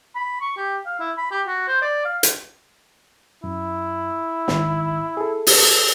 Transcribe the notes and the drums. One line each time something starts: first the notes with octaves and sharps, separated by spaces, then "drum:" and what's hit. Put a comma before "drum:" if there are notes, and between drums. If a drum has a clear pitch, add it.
B5
C#6
G4
F5
E4
B5
G4
F#4
C5
D5
F5
drum: hi-hat
F#2 E4
G#2 D#3, drum: snare
G#4 A4
drum: open hi-hat